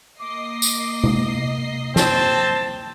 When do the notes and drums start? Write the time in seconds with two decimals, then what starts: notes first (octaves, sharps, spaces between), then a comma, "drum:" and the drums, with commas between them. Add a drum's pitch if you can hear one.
0.19 A#3 D#5 D6 C7
0.62 drum: tambourine
1.04 drum: tom
1.96 C4 A5, drum: snare